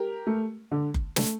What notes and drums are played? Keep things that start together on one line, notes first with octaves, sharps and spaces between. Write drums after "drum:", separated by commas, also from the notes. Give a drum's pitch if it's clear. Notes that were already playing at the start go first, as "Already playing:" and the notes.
Already playing: G4 A#4
A3
D3
drum: kick F#1
A3, drum: snare